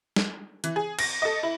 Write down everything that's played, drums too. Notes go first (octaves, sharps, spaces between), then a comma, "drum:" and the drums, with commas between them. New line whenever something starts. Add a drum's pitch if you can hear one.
drum: snare
E3, drum: hi-hat
G#4
A#6, drum: cymbal
A4 D#5
E4